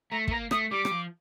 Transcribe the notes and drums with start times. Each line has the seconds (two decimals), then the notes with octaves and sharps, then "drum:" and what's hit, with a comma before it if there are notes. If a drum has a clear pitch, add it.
0.11 A3 A#5
0.28 A3, drum: kick
0.31 A#3 A#5
0.51 A3 D#6, drum: rim click
0.71 G3 D6
0.85 G3, drum: rim click
0.91 F3